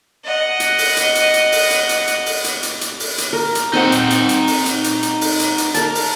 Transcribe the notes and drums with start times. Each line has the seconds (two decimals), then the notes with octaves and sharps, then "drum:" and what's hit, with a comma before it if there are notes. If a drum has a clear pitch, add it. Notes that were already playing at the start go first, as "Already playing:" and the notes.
0.24 D#5 F#5
0.60 drum: hi-hat
0.78 drum: open hi-hat
0.97 drum: hi-hat
1.15 drum: hi-hat
1.34 drum: hi-hat
1.52 drum: open hi-hat
1.71 drum: hi-hat
1.89 drum: hi-hat
2.07 drum: hi-hat
2.26 drum: open hi-hat
2.44 drum: hi-hat
2.63 drum: hi-hat
2.81 drum: hi-hat
3.00 drum: open hi-hat
3.18 drum: hi-hat
3.33 A#4
3.55 drum: hi-hat
3.73 C4 D#4 D#5 F#5
3.92 drum: hi-hat
4.10 drum: hi-hat
4.29 drum: hi-hat
4.47 drum: open hi-hat
4.66 drum: hi-hat
4.84 drum: hi-hat
5.03 drum: hi-hat
5.21 drum: open hi-hat
5.40 drum: hi-hat
5.58 drum: hi-hat
5.74 A#4 A5, drum: hi-hat
5.95 drum: open hi-hat